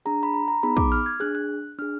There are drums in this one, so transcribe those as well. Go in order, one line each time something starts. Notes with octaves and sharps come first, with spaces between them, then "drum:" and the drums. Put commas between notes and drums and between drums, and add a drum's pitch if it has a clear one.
D4 G#4 A#5
B5
A#5
A#5
B3 D#4 G#4 B5
D6, drum: kick
F6
G#6
D4 G#4 F#6
F#6
D4 G#4 F6